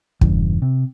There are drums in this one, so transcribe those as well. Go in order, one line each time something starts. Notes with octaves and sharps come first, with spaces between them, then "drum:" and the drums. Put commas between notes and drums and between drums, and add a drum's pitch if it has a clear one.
E2 G2 C#3 E3, drum: kick
C3